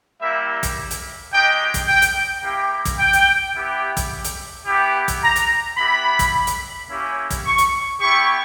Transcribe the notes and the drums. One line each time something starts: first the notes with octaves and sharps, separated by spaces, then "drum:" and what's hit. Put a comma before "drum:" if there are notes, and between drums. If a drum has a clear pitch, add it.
G3 A#3 E4 G4 E5
drum: kick, hi-hat
drum: hi-hat
G#3 D#4 G4 G5
drum: kick, hi-hat
G5
drum: hi-hat
A#3 E4 G4
drum: kick, hi-hat
G5
drum: hi-hat
B3 E4 G4
drum: kick, hi-hat
drum: hi-hat
B3 E4 G4
drum: kick, hi-hat
A#5
drum: hi-hat
B3 E4 G4 B5
drum: kick, hi-hat
drum: hi-hat
A#3 C#4 E4 G4
drum: kick, hi-hat
C#6
drum: hi-hat
B3 E4 G4 C#6